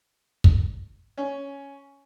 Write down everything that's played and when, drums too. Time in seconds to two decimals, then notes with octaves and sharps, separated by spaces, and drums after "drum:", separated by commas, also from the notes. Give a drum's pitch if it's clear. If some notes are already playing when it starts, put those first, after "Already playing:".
0.44 drum: kick
1.17 C#4